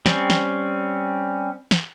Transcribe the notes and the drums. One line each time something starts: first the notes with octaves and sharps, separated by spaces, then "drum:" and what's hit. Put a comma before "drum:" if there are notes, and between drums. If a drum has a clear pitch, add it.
G3 C4 C#4, drum: snare
drum: snare
drum: snare